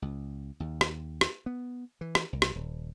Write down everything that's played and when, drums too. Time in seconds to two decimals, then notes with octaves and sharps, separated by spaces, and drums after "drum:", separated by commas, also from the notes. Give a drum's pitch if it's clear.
0.02 C#2
0.60 D#2
0.81 drum: rim click
1.21 drum: rim click
1.46 B3
2.01 E3
2.15 drum: rim click
2.33 C2
2.42 drum: rim click
2.55 D#1